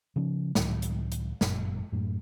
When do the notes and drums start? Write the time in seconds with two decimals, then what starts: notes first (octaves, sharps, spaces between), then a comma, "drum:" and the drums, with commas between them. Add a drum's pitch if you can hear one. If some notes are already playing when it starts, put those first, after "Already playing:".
0.16 C#3 F3 C#4
0.55 C#2 A2 D#3 F#3, drum: snare
0.82 drum: hi-hat
1.12 drum: hi-hat
1.41 G1 F#2 A#2, drum: snare
1.92 F#2 A2